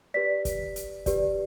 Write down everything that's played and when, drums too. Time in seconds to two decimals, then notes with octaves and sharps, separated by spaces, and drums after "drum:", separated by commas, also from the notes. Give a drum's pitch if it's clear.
0.14 G4 B4 D5 B6
0.45 drum: kick, hi-hat
0.76 drum: hi-hat
1.06 G4 B4 D5, drum: kick, hi-hat